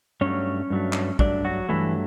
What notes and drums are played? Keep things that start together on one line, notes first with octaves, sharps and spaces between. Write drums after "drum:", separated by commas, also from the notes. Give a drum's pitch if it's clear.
G2 F#3 A3 C#4 C#5
G2 F#3 A3
drum: clap
G2 F#3 A3 D4 D5, drum: kick
F#3 F#4
G2 E3 F#3 A3 E4